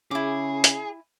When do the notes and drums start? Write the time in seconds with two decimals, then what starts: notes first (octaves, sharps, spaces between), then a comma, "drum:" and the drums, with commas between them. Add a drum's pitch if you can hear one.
0.11 C#3 E4 G#4 D6
0.64 drum: hi-hat